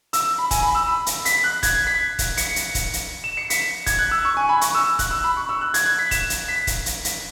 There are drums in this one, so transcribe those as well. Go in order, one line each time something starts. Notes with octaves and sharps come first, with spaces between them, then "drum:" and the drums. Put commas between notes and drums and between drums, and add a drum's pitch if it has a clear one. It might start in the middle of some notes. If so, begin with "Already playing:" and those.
E6, drum: hi-hat
B5
G#5, drum: kick, hi-hat
B5
E6
B5
drum: hi-hat
B6, drum: hi-hat
F#6
G#6, drum: kick, hi-hat
B6
drum: kick, hi-hat
C#7, drum: hi-hat
drum: hi-hat
drum: kick, hi-hat
drum: hi-hat
E7
C#7
B6, drum: hi-hat
G#6, drum: kick, hi-hat
F#6
E6
C#6
G#5
B5
C#6, drum: hi-hat
E6
F#6, drum: kick, hi-hat
E6
B5
C#6
E6
F#6
G#6, drum: hi-hat
F#6
B6
E7, drum: kick, hi-hat
drum: hi-hat
B6
drum: kick, hi-hat
drum: hi-hat
drum: hi-hat